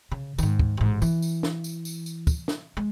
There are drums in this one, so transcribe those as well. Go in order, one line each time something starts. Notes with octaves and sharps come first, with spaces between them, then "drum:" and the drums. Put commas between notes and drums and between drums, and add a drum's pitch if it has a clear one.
C#3
G#2 D#3, drum: tambourine
drum: kick
A1 G#2
E3, drum: tambourine
drum: tambourine
drum: snare
drum: tambourine
drum: tambourine
drum: tambourine
drum: kick, tambourine
drum: snare
G#3